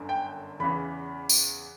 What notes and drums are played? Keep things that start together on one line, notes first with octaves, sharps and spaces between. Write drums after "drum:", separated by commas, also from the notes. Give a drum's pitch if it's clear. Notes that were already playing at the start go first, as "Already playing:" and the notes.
Already playing: G1 F#2 D3
G5
E2 C#3 E3 B5
drum: tambourine